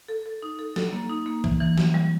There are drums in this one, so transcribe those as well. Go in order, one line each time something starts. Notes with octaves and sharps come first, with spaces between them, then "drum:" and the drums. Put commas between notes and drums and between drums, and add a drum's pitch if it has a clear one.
A4
A4
D#4
A4
A4, drum: snare
A#3
D#4
A#3
E3, drum: kick
E3
E3, drum: snare
G3